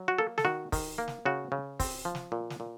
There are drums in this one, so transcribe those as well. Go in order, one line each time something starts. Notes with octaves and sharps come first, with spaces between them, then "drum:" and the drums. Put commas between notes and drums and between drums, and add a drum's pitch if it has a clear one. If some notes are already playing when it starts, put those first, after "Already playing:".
Already playing: F#3
F#4
A#3 A4
A4, drum: snare
D#3 F#4
D#3, drum: kick, open hi-hat
A#3
drum: snare
C#3 F#4
C#3
C4, drum: kick, open hi-hat
F3
drum: snare
A#2
drum: snare
A#2